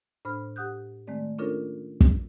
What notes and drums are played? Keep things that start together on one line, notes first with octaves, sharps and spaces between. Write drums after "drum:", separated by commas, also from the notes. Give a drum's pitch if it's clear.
A2 D4 C5 B5 F6
G4 F#5 D#6 F#6 G6
D#3 G#3 A3 C4 D5
C#4 D4 F4 A4 A#4 C#5
drum: kick